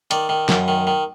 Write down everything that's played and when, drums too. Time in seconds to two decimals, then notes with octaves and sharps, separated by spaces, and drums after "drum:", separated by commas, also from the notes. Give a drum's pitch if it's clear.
0.11 D#3 D5, drum: hi-hat
0.29 D#3
0.49 F#2, drum: snare
0.68 D#3
0.87 D#3